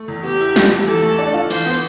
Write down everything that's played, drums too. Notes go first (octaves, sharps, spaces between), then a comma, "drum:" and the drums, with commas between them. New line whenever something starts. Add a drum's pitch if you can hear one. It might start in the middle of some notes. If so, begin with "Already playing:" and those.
Already playing: A3
E2
B3 G4
E4
F3, drum: snare
E2
E3 A4
A3
D4
F4
E3 C5, drum: cymbal
B3